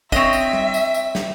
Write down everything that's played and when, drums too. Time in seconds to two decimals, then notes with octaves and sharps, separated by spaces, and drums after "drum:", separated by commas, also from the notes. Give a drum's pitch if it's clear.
0.12 C4 C#5 D#5 E5, drum: kick, tambourine
0.33 drum: tambourine
0.53 drum: tom G3
0.74 drum: tambourine
0.94 drum: tambourine
1.15 drum: snare